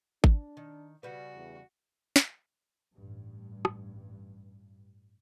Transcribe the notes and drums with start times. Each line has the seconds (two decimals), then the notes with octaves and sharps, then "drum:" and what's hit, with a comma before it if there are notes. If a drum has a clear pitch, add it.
0.24 D4, drum: kick G#1
0.57 D#3
1.03 C#3 G3 F#4 B4
1.36 E2
2.16 drum: snare
2.95 A1 G2
3.65 drum: rim click